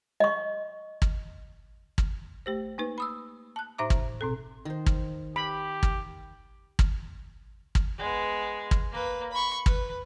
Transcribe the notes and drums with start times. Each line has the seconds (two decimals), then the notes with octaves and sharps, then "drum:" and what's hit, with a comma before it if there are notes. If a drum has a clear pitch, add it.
0.20 D#5 C#6
1.02 drum: kick
1.98 drum: kick
2.46 A3 G4 C5
2.78 A#3 D#4 B4
2.98 B5 D#6 E6
3.56 A5 F#6
3.78 A2 D#4 C5 E5 A#5 D6
3.90 drum: kick
4.21 B2 C4 A4
4.65 D#3 C5
4.86 drum: kick
5.36 G4 B5
5.83 drum: kick
6.79 drum: kick
7.75 drum: kick
7.98 G#3 B3
8.71 drum: kick
8.92 A#3 B4
9.32 B5 C#6
9.66 B4, drum: kick